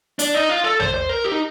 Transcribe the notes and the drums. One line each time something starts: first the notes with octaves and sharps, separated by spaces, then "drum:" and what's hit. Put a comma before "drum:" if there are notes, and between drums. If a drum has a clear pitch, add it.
D4, drum: hi-hat
D#4
F4
A4
C5, drum: tom
C5
A#4
G4
D#4